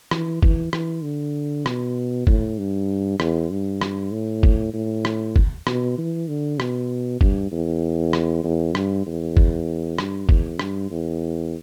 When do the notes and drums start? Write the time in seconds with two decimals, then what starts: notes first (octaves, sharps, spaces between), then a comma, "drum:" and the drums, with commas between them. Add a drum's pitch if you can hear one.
0.11 E3, drum: rim click
0.43 E3, drum: kick
0.73 E3, drum: rim click
1.03 D3
1.66 B2, drum: rim click
2.27 A2, drum: kick
2.59 G2
3.20 E2, drum: rim click
3.50 G2
3.81 drum: rim click
4.12 A2
4.43 drum: kick
4.73 A2
5.05 drum: rim click
5.36 drum: kick
5.67 B2, drum: rim click
5.98 E3
6.28 D3
6.60 B2, drum: rim click
7.21 G2, drum: kick
7.51 E2
8.13 drum: rim click
8.44 E2
8.75 G2, drum: rim click
9.06 E2
9.37 drum: kick
9.98 G2, drum: rim click
10.29 E2, drum: kick
10.59 G2, drum: rim click
10.91 E2